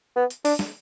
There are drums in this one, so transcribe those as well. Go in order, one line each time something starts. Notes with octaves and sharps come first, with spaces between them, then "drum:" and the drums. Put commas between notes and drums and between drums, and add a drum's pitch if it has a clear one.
B3
drum: hi-hat
D4, drum: open hi-hat
drum: snare